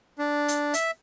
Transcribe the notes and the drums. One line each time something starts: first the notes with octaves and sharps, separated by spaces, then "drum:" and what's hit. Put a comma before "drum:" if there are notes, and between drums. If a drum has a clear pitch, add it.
D4
drum: hi-hat
E5, drum: hi-hat